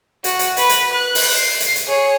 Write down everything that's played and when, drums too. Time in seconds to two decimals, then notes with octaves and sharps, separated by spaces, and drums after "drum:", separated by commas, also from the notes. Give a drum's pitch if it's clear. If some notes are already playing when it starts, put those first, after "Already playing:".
0.24 F#4, drum: hi-hat
0.39 drum: hi-hat
0.57 B4 B5, drum: hi-hat
0.69 drum: hi-hat
0.93 F#6
1.15 drum: open hi-hat
1.37 C7
1.60 drum: hi-hat
1.75 drum: hi-hat
1.87 G#4 C#5